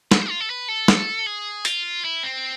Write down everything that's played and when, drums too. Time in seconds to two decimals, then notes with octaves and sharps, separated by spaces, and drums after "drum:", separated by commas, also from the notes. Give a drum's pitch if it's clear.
0.11 B4, drum: snare
0.21 C5
0.30 F4
0.40 A4
0.50 B4
0.68 A4
0.88 drum: snare
1.26 G#4
1.65 F4, drum: hi-hat
2.05 E4
2.23 C4